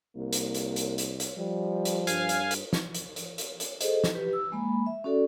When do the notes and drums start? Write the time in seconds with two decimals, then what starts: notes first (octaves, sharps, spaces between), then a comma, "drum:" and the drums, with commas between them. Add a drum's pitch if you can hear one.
0.16 C2 A#3
0.33 drum: hi-hat
0.54 drum: hi-hat
0.76 drum: hi-hat
0.98 drum: hi-hat
1.20 drum: hi-hat
1.39 F3 G3
1.85 drum: hi-hat
2.07 G2 F5 G#5, drum: hi-hat
2.29 drum: hi-hat
2.51 drum: hi-hat
2.73 drum: snare
2.95 drum: hi-hat
3.16 drum: hi-hat
3.38 drum: hi-hat
3.60 drum: hi-hat
3.81 G#4 A4 C5 D#5, drum: hi-hat
4.04 drum: snare
4.15 G4 B4
4.33 E6
4.52 G#3 A#3 B5
4.86 E5
5.04 C#4 F#4 A4 D5